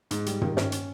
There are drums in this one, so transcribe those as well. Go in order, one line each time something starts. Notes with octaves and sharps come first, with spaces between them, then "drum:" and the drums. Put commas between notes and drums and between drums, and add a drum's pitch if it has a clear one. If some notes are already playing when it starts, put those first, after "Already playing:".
G#2, drum: hi-hat
G3, drum: hi-hat
D#3, drum: tom
C#4, drum: snare
drum: hi-hat